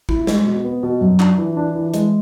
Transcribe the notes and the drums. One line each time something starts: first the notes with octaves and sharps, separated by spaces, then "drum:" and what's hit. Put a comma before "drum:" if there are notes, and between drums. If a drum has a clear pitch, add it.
E4, drum: kick
G#3, drum: snare
B2
B3
B2
F#2
D4, drum: clap
E3
D4
E3
G#3, drum: hi-hat